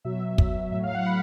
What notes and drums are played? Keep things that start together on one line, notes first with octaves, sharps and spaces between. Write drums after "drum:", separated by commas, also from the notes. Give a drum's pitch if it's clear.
B2 F#3 E5
drum: kick
A2 F#3 E5
F5
F#5
B5